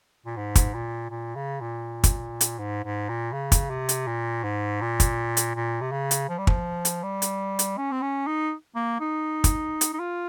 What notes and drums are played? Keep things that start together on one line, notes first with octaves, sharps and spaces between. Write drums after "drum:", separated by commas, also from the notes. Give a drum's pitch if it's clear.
A#2
G#2
drum: kick, hi-hat
A#2
A#2
C#3
A#2
drum: kick, hi-hat
drum: hi-hat
G#2
G#2
A#2
C#3
drum: kick, hi-hat
C3
drum: hi-hat
A#2
G#2
A#2
drum: kick, hi-hat
drum: hi-hat
A#2
C3
C#3
drum: hi-hat
F3
G3
F3, drum: kick
drum: hi-hat
G3
drum: hi-hat
drum: hi-hat
C#4
C4
C#4
D#4
A#3
D#4
drum: kick, hi-hat
drum: hi-hat
D#4
F4